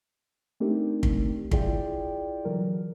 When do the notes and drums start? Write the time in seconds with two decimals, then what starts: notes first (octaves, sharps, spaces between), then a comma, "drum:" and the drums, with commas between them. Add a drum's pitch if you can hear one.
0.60 A3 C4 D4 D#4 G4 A#4
1.03 drum: kick
1.51 E4 F4 G#4 D5 G5, drum: kick
2.45 D3 E3 F#3 A#4